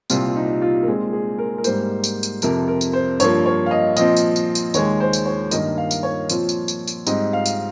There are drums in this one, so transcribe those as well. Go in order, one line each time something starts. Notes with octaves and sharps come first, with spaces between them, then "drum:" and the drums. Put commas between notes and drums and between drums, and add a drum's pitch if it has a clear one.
C2 A#2 G3 C4 F4, drum: tambourine
D#4
F4
A#4
A#2 G#3 C4 G#4
G#4
A#4
A#4
G#2 G3 A#3 C5, drum: tambourine
drum: tambourine
drum: tambourine
F2 C3 F3 A#4, drum: tambourine
A#4
drum: tambourine
C5
G2 F3 A#3 C#5, drum: tambourine
C#5
F5
D#5
A#2 F3 C4 D#5, drum: tambourine
drum: tambourine
drum: tambourine
drum: tambourine
D#2 D#3 G#3 C#5, drum: tambourine
C5
drum: tambourine
C#5
G2 D#3 A#3 D#5, drum: tambourine
F5
drum: tambourine
C#5
A#2 F3 C4, drum: tambourine
drum: tambourine
drum: tambourine
drum: tambourine
G#2 G3 C4 D#5, drum: tambourine
F5
drum: tambourine